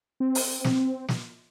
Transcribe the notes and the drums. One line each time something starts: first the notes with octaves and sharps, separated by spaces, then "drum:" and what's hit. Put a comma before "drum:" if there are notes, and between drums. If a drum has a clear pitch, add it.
C4
drum: open hi-hat
drum: snare
drum: snare